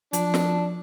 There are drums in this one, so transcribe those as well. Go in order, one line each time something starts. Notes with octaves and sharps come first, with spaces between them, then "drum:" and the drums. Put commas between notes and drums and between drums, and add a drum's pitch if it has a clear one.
F3 D4, drum: hi-hat
drum: snare